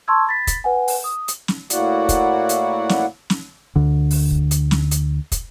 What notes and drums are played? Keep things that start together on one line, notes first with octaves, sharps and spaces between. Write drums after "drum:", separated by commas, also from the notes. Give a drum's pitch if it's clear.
A5 C6 C#6 E6 G#6
B5 A6 B6
drum: kick, hi-hat
B4 F#5 G#5
drum: open hi-hat
D#6
drum: hi-hat
drum: snare
A2 A#3 E4 F#4 D5 F#5, drum: hi-hat
drum: kick, hi-hat
drum: hi-hat
drum: snare
drum: snare
D2 D3
drum: open hi-hat
drum: kick
drum: hi-hat
drum: snare
drum: hi-hat
drum: kick, hi-hat